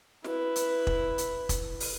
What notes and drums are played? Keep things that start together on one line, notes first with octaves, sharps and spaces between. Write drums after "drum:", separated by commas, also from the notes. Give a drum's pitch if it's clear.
E4 B4, drum: snare
drum: hi-hat
drum: kick
drum: hi-hat
drum: kick, hi-hat
drum: open hi-hat